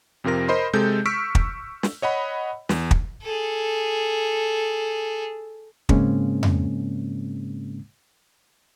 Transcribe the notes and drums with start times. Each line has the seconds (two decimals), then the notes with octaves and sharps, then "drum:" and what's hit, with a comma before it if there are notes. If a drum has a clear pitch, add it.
0.24 F2 C3 F4 A#4 A#6
0.48 A#4 C5 D#5 B5 C6
0.73 C3 G#3 A4 G6
1.06 C#6 E6 F6 B6 D7
1.35 drum: kick
1.83 drum: snare
2.02 C#5 D#5 F#5 B5
2.69 E2, drum: snare
2.91 drum: kick
3.23 G#4 A4
5.89 G#2 C#3 G#3 A#3 C4 C#4, drum: kick
6.43 drum: tom F2